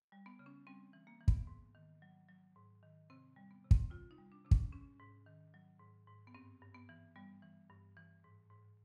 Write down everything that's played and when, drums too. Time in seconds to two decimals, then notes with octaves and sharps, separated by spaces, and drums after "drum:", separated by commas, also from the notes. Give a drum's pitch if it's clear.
0.12 G3
0.26 B3
0.39 C#3
0.46 C#4
0.67 G3 C4
0.93 E3
1.07 A#3
1.21 E3
1.28 B3, drum: kick
1.47 G#2
1.75 D#3
2.02 F#3
2.29 F#3
2.56 G#2
2.83 D#3
3.10 C3 C4
3.36 G3
3.51 B3
3.64 C3
3.71 C4, drum: kick
3.91 C3 F4
4.11 D#4
4.18 G3
4.32 D4
4.45 C3 D4
4.51 C#4, drum: kick
4.72 G#2 C#4
4.99 G#2
5.26 D#3
5.54 F#3
5.80 G#2
6.08 G#2
6.27 B3
6.34 G2 C4
6.62 G2
6.75 B3
6.89 E3
7.16 G3 B3
7.43 E3
7.70 G2
7.97 E3
8.24 G#2
8.51 G#2